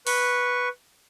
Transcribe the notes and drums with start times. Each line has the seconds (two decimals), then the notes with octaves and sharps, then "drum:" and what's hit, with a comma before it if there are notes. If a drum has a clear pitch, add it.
0.07 B4 C#6, drum: open hi-hat